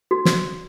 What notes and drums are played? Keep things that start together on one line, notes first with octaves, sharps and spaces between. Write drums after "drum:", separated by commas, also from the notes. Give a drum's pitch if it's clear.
F#4
drum: snare